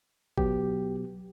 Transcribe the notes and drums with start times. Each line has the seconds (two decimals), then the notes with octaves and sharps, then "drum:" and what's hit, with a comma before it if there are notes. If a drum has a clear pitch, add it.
0.38 B2 F#3 B3 G4, drum: kick G#1